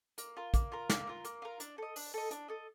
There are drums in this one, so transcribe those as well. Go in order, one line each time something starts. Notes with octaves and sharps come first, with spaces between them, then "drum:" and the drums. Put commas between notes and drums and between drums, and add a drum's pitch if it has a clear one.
A#3, drum: hi-hat
F4 A#4
A#3, drum: kick, hi-hat
F4 A#4
A#3, drum: snare
F4 A#4
A#3, drum: hi-hat
F4 A#4
D4, drum: hi-hat
A4 D#5
D4, drum: open hi-hat
A4 D#5
D4, drum: hi-hat
A4 D#5